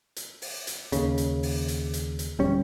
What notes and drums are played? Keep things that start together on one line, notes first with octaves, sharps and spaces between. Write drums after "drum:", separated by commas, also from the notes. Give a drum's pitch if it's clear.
drum: hi-hat
drum: open hi-hat
drum: hi-hat
D#2 C#3, drum: hi-hat
drum: hi-hat
drum: open hi-hat
drum: hi-hat
drum: hi-hat
drum: hi-hat
D1 G3 C#4